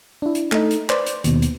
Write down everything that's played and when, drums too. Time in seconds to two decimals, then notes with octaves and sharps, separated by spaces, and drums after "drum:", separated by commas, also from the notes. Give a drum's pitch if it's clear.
0.22 D4 E4
0.35 drum: hi-hat
0.52 A3 D#4, drum: clap
0.71 drum: hi-hat
0.89 B4 C5 D5, drum: clap
1.06 drum: hi-hat
1.24 D#2 B2, drum: hi-hat
1.42 drum: hi-hat